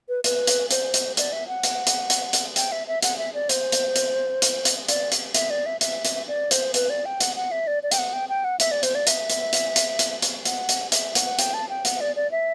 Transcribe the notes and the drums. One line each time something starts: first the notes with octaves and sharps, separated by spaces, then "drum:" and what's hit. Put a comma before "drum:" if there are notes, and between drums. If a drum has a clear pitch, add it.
B4
B4, drum: hi-hat
drum: hi-hat
C5, drum: hi-hat
drum: hi-hat
D5, drum: hi-hat
E5
F#5
drum: hi-hat
drum: hi-hat
drum: hi-hat
drum: hi-hat
G5, drum: hi-hat
E5
E5
F#5, drum: hi-hat
E5
D5
C5, drum: hi-hat
drum: hi-hat
drum: hi-hat
drum: hi-hat
drum: hi-hat
D5, drum: hi-hat
drum: hi-hat
E5, drum: hi-hat
D5
E5
E5, drum: hi-hat
drum: hi-hat
D5
C5, drum: hi-hat
B4, drum: hi-hat
D5
G5
F#5, drum: hi-hat
F#5
E5
D5
D5
G5, drum: hi-hat
F#5
G5
G5
F#5
E5, drum: hi-hat
D5
C5, drum: hi-hat
D5
E5, drum: hi-hat
drum: hi-hat
drum: hi-hat
drum: hi-hat
drum: hi-hat
drum: hi-hat
F#5, drum: hi-hat
drum: hi-hat
E5, drum: hi-hat
F#5, drum: hi-hat
G5, drum: hi-hat
A5
G5
F#5, drum: hi-hat
D5
D5
E5